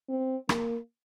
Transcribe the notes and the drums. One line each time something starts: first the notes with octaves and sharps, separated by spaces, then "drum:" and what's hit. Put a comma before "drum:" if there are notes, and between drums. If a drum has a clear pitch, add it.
C4
A#3, drum: rim click